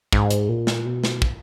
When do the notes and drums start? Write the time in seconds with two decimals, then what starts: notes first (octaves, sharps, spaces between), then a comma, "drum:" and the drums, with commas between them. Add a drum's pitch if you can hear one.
0.12 G#2, drum: kick
0.31 drum: hi-hat
0.49 A#2
0.67 drum: snare
0.85 B2
1.04 drum: snare
1.22 drum: kick